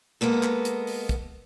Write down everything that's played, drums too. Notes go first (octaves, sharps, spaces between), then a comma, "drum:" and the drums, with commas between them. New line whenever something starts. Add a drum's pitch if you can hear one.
G#3 A#3 B3 A4
drum: clap
drum: hi-hat
drum: open hi-hat
drum: kick, hi-hat